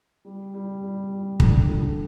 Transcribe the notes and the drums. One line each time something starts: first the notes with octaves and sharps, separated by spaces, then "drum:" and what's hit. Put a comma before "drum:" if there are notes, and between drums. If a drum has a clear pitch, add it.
G3
G3
G3
G3
D3, drum: kick
D3